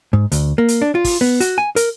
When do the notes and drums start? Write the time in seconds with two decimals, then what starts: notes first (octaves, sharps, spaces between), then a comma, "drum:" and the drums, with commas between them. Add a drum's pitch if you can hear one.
0.13 G#2
0.32 D2, drum: hi-hat
0.58 A#3
0.68 drum: hi-hat
0.82 D4
0.95 F4
1.04 drum: kick, open hi-hat
1.21 B3
1.40 F#4, drum: hi-hat
1.58 G#5
1.76 A#4, drum: hi-hat